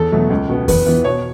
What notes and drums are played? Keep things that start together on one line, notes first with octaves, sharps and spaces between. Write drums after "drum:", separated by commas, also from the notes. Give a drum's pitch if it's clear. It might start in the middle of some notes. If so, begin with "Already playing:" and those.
Already playing: E2 A4
B2 F#3 A3
C#2
B2 B3
E2 B4, drum: kick F2, open hi-hat
E3 B3
B2 C#5